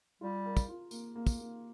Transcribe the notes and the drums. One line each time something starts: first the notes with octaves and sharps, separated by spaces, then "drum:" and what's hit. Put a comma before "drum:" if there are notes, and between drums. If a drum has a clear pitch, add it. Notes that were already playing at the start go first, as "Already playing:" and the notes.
G3 F4
A#4
drum: kick, tambourine
F4
A#3, drum: tambourine
A#3
drum: kick, tambourine
A#3